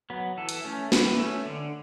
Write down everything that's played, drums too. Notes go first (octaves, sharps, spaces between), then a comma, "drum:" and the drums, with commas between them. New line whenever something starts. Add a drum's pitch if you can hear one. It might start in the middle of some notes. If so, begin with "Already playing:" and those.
F#3 B3
E3 A4
drum: hi-hat
A3 C#4
E3 B4, drum: snare
A3 C#4
D3